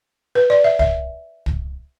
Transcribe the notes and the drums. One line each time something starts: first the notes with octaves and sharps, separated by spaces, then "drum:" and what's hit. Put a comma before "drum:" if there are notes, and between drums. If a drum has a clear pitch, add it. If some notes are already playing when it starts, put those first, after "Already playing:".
B4
D5
E5
E5, drum: kick
drum: kick